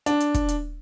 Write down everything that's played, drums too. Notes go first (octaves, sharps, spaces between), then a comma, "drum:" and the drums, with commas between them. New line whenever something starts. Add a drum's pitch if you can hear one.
D4, drum: hi-hat
drum: hi-hat
drum: kick, hi-hat
drum: hi-hat